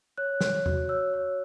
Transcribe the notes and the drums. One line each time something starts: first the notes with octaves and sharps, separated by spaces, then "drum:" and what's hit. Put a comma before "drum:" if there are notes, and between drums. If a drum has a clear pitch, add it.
C#5 F#6
C#5, drum: snare
F#4, drum: tom E2
C#5 E6
C#5